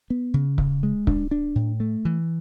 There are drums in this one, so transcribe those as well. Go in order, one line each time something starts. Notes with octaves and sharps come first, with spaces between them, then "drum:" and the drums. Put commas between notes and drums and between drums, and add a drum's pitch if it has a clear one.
B3
C#3
C#3, drum: kick C#1
G#3
D4, drum: kick C#1
D4
A2
A3
E3